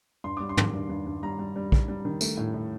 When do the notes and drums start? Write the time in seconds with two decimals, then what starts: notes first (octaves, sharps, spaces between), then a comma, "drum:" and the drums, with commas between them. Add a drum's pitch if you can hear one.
0.24 G2 C6
0.37 G3 D6
0.49 C6
0.57 D#3, drum: tom
0.73 G2
0.89 G2
1.06 G2
1.23 G3 A#5
1.39 G3
1.56 G3
1.72 G3, drum: kick
1.88 G3
2.05 D#3
2.21 A3, drum: tambourine
2.37 A2
2.54 A2